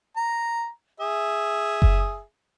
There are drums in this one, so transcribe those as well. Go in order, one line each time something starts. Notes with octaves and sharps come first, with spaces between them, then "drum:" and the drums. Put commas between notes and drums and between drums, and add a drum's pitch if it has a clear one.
A#5
G#4 E5
drum: kick F#1